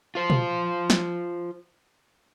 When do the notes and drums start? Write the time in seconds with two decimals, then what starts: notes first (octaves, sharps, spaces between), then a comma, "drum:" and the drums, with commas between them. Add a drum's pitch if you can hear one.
0.15 F4 C5
0.30 drum: tom
0.90 drum: snare